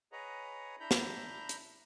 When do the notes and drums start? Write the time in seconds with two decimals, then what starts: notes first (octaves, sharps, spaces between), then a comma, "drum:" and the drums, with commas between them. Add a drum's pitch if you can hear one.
0.12 G#4 B4 C#5 D#5 F#5 A#5
0.80 D4 E4 A#5 B5 G6
0.91 drum: snare
1.49 drum: hi-hat